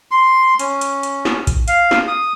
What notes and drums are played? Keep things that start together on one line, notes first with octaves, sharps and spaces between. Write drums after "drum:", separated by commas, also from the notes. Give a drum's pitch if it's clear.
C6
C#4, drum: hi-hat
drum: hi-hat
drum: hi-hat
drum: snare
drum: kick A1, hi-hat
F5, drum: hi-hat
drum: snare
D#6